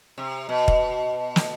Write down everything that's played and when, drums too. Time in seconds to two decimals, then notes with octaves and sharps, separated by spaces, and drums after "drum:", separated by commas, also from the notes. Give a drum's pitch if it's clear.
0.18 C3
0.49 B2
0.68 drum: kick
1.36 drum: snare